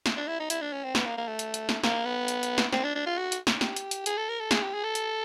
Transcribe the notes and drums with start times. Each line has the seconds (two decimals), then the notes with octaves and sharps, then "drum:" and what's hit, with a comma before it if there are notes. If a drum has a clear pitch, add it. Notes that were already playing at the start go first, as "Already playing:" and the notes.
0.06 drum: snare
0.17 D4
0.28 E4
0.39 D#4
0.50 E4, drum: hi-hat
0.62 D4
0.73 C#4
0.84 C4
0.95 B3, drum: snare
1.05 A#3
1.17 A#3
1.27 A3
1.39 drum: hi-hat
1.54 drum: hi-hat
1.69 drum: snare
1.84 A#3, drum: snare
2.05 B3
2.28 drum: hi-hat
2.43 drum: hi-hat
2.58 drum: snare
2.73 C4, drum: snare
2.84 D4
2.95 D4
3.06 F4
3.18 F#4
3.32 drum: hi-hat
3.47 drum: snare
3.61 G4, drum: snare
3.76 drum: hi-hat
3.91 drum: hi-hat
4.06 G#4, drum: hi-hat
4.17 A4
4.29 A#4
4.40 A4
4.51 G#4, drum: snare
4.62 G4
4.74 G#4
4.84 A4
4.95 drum: hi-hat